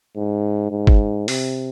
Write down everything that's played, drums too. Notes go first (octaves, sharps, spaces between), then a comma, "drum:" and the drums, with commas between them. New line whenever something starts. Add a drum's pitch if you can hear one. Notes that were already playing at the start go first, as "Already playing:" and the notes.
G#2
G#2
drum: kick G#1
C3, drum: open hi-hat